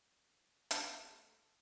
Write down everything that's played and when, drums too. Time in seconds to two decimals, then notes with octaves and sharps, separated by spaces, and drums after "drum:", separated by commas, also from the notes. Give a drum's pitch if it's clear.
0.71 A3, drum: hi-hat
0.82 B3
0.94 A3
1.05 A3